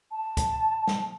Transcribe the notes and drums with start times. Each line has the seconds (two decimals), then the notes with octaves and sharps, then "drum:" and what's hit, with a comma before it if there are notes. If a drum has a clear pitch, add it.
0.12 A5
0.37 drum: kick C#2, hi-hat
0.87 drum: snare